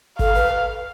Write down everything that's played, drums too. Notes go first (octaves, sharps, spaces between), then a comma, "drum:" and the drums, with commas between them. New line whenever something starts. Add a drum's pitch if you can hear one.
A4 F5, drum: kick G1
B4